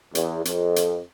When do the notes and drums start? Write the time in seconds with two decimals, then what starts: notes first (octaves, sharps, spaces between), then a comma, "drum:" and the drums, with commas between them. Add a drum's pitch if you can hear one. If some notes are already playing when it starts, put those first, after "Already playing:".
0.15 E2, drum: hi-hat
0.45 F2, drum: hi-hat
0.76 drum: hi-hat